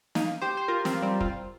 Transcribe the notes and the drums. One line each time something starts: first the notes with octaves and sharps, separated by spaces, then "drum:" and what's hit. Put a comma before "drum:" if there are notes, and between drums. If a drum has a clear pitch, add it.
A#3 D#4, drum: snare
G4 C5
C5
F4 A#4
C4 F4, drum: snare
G3 C4
C4 F4, drum: kick